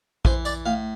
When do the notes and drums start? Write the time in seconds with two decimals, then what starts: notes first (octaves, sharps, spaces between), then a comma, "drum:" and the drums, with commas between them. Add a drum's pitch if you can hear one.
0.25 E3 C5, drum: kick
0.45 D5, drum: tambourine
0.66 A2 F5